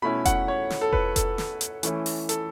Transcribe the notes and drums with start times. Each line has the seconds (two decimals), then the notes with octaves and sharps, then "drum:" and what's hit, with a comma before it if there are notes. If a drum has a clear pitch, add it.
0.02 B2 A3 C#4 E4 B5
0.25 F#5, drum: kick F1, hi-hat
0.48 C#5
0.70 drum: snare
0.81 A4
0.93 B4, drum: kick F1
1.16 A4, drum: kick F1, hi-hat
1.38 drum: snare
1.61 drum: hi-hat
1.83 E3 A3 C#4 E4, drum: hi-hat
2.06 drum: open hi-hat
2.29 A4, drum: hi-hat